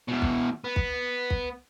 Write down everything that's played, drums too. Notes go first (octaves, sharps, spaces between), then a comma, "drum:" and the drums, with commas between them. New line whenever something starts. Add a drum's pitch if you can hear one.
E2 B2
drum: kick
B3
drum: kick
drum: kick